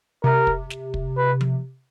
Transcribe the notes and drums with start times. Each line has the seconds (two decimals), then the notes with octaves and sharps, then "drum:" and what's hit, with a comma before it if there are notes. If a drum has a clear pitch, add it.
0.24 C3 A#4
0.47 drum: kick
0.70 drum: snare
0.94 drum: kick
1.18 B4
1.41 drum: tom F3